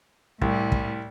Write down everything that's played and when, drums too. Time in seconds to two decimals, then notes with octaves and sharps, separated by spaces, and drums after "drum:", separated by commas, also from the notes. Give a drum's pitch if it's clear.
0.42 C2 A2 G3, drum: kick
0.72 drum: kick